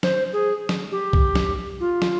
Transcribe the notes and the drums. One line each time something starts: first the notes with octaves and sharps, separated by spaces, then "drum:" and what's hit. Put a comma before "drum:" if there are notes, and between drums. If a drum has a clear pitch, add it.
C5, drum: snare
G#4
drum: snare
G4
drum: kick B1
drum: snare
F4
drum: snare